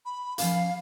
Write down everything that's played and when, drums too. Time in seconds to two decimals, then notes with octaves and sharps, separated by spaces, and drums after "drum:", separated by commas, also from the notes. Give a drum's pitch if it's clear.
0.06 B5
0.38 F3 C#4 F5 A5, drum: hi-hat